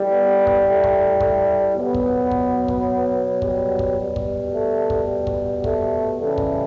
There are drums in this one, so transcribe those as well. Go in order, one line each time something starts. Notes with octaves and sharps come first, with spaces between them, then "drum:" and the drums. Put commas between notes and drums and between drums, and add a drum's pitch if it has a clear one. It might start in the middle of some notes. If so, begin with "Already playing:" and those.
Already playing: A2 G3
B3
drum: kick
A3
drum: kick
A3, drum: kick
B2 F#3 B3
drum: kick
drum: kick
drum: kick
G3, drum: kick
drum: kick
B2 G3
drum: kick
A3
drum: kick
drum: kick
A3, drum: kick
C#3 E3 G3 A3
drum: kick